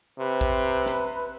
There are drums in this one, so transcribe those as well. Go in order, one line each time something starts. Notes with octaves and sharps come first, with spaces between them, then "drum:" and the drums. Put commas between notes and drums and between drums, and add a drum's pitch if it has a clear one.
C3 B4
drum: kick A#1
drum: snare